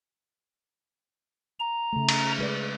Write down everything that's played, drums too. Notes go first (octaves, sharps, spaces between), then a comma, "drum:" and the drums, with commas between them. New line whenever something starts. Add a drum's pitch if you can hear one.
A#5
C#3 A3
drum: cymbal
G#3 B4 D5